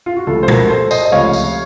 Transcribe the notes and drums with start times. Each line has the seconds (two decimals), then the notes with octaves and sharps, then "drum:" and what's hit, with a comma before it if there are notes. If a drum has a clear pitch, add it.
0.06 F4
0.17 F#4
0.27 C#2 C3 F3 A3 F4 A4
0.43 C5
0.48 F#4 A#4, drum: tom
0.69 A4 C5
0.91 C5 D#5, drum: tambourine
1.05 D#5
1.12 C#2 C3 F3 A3 C#5 F5
1.33 drum: tambourine